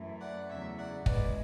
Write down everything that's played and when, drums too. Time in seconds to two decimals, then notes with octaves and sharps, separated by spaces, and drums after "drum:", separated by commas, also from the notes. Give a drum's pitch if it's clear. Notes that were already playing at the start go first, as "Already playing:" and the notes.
Already playing: F#2 E3 A3
0.20 D5 F#5
0.49 E2 C#3 F#3 A3 C#5 E5
0.78 D5 F#5
1.06 E2 B2 G#3 B4 D5, drum: kick